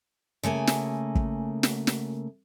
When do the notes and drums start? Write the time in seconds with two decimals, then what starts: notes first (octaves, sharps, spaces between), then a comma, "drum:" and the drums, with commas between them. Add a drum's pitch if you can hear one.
0.43 C#3 A3 A#3 G#5
0.67 drum: snare
1.15 drum: kick
1.63 drum: snare
1.87 drum: snare